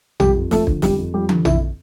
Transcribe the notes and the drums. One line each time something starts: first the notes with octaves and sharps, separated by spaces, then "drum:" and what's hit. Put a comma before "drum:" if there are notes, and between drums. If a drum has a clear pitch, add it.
F2 G3 G4, drum: tom A#1
F2
F3 A3 A4, drum: snare
D3, drum: kick
F2 G3 G4, drum: snare
F2
F3 G3 G4
D3, drum: tom
F2 E4, drum: tom A#1